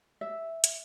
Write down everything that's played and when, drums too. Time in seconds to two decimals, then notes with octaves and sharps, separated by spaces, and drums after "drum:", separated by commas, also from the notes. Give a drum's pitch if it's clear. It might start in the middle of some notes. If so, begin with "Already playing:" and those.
0.21 E5
0.64 drum: hi-hat